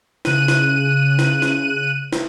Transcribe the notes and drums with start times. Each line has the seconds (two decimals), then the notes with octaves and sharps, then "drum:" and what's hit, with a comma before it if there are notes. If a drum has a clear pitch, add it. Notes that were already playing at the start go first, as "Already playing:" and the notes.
0.25 C#3 F#6 D#7, drum: snare
0.48 drum: snare
1.19 drum: snare
1.42 drum: snare
2.13 drum: snare